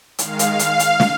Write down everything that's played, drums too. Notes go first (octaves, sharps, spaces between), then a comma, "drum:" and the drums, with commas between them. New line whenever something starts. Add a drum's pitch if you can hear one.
D#3 G#3 F5, drum: hi-hat
drum: hi-hat
drum: hi-hat
drum: hi-hat
drum: snare